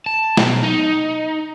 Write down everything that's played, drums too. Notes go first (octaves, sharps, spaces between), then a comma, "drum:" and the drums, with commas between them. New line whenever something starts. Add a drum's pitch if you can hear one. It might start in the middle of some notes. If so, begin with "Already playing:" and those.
A5
B2 F#3, drum: snare
D#4